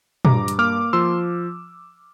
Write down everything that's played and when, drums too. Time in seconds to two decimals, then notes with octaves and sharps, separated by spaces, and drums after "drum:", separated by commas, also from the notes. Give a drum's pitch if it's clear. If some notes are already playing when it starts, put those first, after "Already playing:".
0.25 G2 A#5 D6, drum: tom A#2
0.48 drum: hi-hat
0.58 A#3 D6 F6
0.93 F3 C6 E6